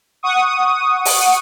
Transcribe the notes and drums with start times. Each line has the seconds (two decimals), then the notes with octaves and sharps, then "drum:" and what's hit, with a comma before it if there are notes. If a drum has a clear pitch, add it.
0.23 F#5 C#6 D#6
1.05 drum: open hi-hat